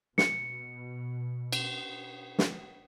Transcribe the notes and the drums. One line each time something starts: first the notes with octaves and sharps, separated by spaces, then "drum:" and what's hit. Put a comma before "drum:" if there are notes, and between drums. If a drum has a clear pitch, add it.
B2 C#7, drum: snare
drum: cymbal
drum: snare